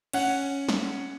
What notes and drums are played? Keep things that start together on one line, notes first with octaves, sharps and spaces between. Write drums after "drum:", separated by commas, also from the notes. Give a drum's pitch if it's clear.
C#4 F#5, drum: cymbal
drum: snare